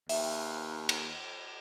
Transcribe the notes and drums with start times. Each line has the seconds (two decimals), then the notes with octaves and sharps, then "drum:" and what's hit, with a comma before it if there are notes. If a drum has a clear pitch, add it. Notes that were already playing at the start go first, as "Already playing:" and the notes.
0.09 D#2 E5, drum: open hi-hat
0.89 drum: cymbal